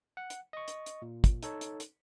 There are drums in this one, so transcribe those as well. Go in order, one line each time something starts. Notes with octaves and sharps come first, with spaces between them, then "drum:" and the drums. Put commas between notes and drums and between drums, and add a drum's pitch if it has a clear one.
F#5
drum: hi-hat
D#5 C#6
drum: hi-hat
drum: hi-hat
A#2
drum: kick, hi-hat
D#4 A4 C#5, drum: hi-hat
drum: hi-hat
drum: hi-hat